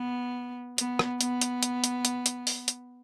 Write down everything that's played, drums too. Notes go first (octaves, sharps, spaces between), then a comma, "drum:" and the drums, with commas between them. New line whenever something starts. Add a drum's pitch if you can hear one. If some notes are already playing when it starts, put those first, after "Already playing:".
Already playing: B3
B3, drum: hi-hat
drum: rim click
B3, drum: hi-hat
drum: hi-hat
drum: hi-hat
drum: hi-hat
drum: hi-hat
drum: hi-hat
drum: open hi-hat
drum: hi-hat